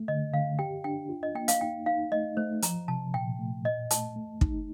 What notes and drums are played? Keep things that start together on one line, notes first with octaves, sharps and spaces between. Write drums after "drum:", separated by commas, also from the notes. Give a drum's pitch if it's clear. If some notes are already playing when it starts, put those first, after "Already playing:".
Already playing: A3
D3 D#5
D3 F5
G4 G5
D4 G5
F4
D#5
A#3 G5
F5, drum: hi-hat
D#4 G5
D#4 F5
A3 D#5
A3 C5
F3 A#5, drum: hi-hat
C3 A5
A#2 G5
A3
A#2 D#5
A3 A5, drum: hi-hat
A3
D#4, drum: kick